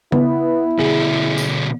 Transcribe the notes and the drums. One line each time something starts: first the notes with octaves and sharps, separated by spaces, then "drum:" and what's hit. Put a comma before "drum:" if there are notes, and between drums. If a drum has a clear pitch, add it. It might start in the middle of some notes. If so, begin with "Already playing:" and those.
B3 E4, drum: tom C#3
B2 D3 G#4 F#7
drum: tambourine